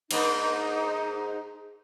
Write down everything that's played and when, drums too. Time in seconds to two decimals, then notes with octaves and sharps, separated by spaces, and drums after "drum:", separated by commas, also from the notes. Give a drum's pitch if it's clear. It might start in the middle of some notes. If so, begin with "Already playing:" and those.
0.11 G#2 A#3 D4 D#4, drum: cymbal